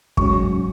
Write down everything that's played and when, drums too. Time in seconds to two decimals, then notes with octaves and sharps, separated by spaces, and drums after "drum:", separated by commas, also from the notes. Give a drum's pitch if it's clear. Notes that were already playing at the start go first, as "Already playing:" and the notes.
0.17 G#2 F#3 C#4 C#6, drum: kick